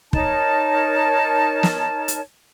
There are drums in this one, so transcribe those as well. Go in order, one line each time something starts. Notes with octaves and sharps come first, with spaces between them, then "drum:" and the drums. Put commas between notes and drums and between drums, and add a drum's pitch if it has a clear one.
D#4 A#4 C#5 A5, drum: kick
drum: snare
drum: hi-hat